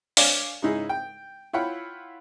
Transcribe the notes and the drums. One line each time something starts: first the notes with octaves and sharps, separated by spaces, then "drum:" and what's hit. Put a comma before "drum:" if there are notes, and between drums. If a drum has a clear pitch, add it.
D4 C#5 D5 F5 G#5, drum: open hi-hat
G#2 C#3 D#4 E4 G#4
G5
E4 F4 C#5 F#5 G5 B5